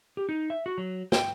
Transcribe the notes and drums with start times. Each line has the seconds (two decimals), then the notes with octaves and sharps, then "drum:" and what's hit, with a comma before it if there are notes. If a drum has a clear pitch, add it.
0.17 G4
0.29 D#4
0.50 E5
0.66 F#4
0.78 F#3
1.12 G5, drum: snare